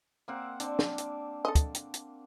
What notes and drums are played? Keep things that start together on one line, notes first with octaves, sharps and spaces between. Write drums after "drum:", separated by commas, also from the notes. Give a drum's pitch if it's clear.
A#3 C4 F#5
C4 D4, drum: hi-hat
drum: snare
drum: hi-hat
A4 D#5
drum: kick, hi-hat
drum: hi-hat
drum: hi-hat